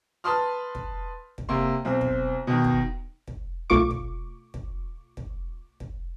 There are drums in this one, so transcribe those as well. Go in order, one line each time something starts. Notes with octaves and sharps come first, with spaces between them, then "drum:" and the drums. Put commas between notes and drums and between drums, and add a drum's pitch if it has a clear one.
B4 A5 B5 C6 D#6 F6
drum: kick
drum: kick
C3 A#3 C6
B1 C4
drum: kick
B2 D#3
drum: kick
drum: kick
B1 A3 F4 C#6 D6
drum: kick
drum: kick
drum: kick
drum: kick